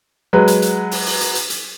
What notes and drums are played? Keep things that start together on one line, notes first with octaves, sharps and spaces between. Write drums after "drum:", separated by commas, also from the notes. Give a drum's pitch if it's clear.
F#3 G#3 B4
drum: hi-hat
drum: hi-hat
drum: open hi-hat
drum: open hi-hat
drum: hi-hat
drum: hi-hat
drum: hi-hat